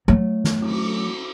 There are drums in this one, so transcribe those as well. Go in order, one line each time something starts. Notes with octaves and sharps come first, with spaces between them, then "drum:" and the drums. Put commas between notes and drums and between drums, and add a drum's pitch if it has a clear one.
F#3 A3
drum: snare
drum: cymbal